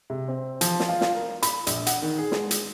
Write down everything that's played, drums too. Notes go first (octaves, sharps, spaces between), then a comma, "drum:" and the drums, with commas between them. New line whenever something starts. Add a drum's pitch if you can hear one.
C3
C4
F3, drum: hi-hat
drum: snare
F4
drum: snare
A#4
B5, drum: hi-hat
A#1, drum: hi-hat
F#5, drum: hi-hat
D#3
G#4
G#3, drum: snare
drum: hi-hat